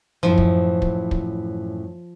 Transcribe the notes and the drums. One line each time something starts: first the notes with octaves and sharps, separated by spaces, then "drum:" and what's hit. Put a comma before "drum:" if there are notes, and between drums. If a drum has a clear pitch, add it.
F#2 A2 E3 F3
drum: kick
drum: kick
drum: kick